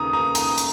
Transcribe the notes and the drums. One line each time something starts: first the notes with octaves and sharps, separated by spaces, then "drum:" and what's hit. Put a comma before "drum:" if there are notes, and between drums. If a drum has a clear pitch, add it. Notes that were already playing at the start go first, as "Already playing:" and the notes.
Already playing: D#2 C#3 A#3 A#5 D#6
A#5 D#6
A#5 D#6, drum: hi-hat
drum: hi-hat